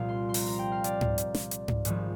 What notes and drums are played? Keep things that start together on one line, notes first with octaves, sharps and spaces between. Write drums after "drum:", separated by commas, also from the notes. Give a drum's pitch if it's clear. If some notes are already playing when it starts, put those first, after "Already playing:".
Already playing: C2 A#2 F3 F5
C6
C6
A#5, drum: open hi-hat
A#5
G5
F5
D5, drum: hi-hat
drum: tom G#2
drum: hi-hat
drum: snare
drum: hi-hat
drum: tom G#2
G#1 G#2 F3, drum: hi-hat